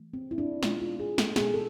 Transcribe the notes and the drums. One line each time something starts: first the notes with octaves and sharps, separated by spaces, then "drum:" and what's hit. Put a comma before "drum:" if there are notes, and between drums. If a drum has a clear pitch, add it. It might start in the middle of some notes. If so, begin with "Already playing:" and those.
Already playing: E3 A3
C4
E4
D4
B2 G#3 B3 F4, drum: snare
F4
G#4
A4, drum: snare
B2 G#3 B3 G#4, drum: snare
A4